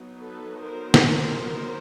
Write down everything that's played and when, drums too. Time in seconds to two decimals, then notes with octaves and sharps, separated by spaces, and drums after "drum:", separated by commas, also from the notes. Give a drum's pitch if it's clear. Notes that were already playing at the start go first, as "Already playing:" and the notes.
Already playing: F#3 B3 D#4
0.19 A4 B4
0.62 A#4 C5
0.94 drum: snare